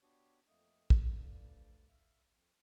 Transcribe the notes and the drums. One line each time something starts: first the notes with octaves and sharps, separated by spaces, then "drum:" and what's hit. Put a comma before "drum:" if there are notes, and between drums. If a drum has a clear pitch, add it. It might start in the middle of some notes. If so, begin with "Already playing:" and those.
B3 D4 F#4 G4 C#5
F2 A3 A#3 D#5
drum: kick
D2 G2 D3 F3 G3 D5
E5 F5
F2